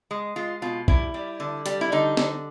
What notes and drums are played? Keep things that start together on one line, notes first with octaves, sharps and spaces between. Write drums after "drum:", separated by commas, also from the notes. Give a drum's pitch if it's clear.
G#3
G#3 F4
B2 F4
G3 E4, drum: kick
G3
D3
G3, drum: hi-hat
E4
D3 D#4
D3, drum: snare